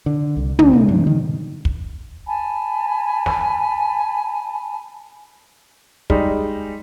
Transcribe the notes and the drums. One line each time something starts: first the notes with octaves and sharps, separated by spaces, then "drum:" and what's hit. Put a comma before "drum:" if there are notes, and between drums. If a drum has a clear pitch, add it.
D3
C2
D2, drum: tom
C3
G2
D#3
drum: kick
G#5 A5 B5
drum: snare
G3 G#3 D#4, drum: kick